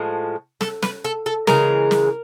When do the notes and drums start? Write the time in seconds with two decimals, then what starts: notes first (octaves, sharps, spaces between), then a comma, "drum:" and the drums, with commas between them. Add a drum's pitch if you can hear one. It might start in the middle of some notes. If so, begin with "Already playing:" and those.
Already playing: A2 F3 G#3
0.61 A4, drum: snare
0.82 B4, drum: snare
1.04 A4
1.26 A4
1.47 C#3 E3 G#3 A#4, drum: snare
1.91 drum: snare